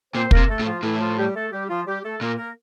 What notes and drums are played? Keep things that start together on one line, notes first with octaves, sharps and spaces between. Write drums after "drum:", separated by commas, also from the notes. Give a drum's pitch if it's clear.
A#2 C4 C5
A#3 A#4, drum: kick
C3
A3 A4
A2
F3 F4
A2 E3 E4
F3 F4
G3 G4
A3 A4
G3 G4
F3 F4
G3 G4
A3 A4
A#2 A#3 A#4
A#3 A#4